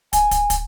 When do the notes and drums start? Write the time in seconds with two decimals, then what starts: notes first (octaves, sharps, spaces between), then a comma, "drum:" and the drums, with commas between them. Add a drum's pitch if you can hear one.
0.13 G#5, drum: kick, hi-hat
0.31 drum: kick, hi-hat
0.50 drum: kick, hi-hat